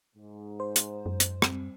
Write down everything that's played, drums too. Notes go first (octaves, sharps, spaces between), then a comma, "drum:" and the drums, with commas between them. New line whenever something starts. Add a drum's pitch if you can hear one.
G#2
C5
drum: hi-hat
F#2
drum: hi-hat
G3 C4, drum: rim click